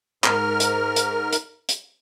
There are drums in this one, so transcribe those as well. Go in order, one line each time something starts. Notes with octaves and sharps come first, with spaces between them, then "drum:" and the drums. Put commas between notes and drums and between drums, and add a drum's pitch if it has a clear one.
G#2 A#4 F6, drum: clap
drum: hi-hat
drum: hi-hat
drum: hi-hat
drum: hi-hat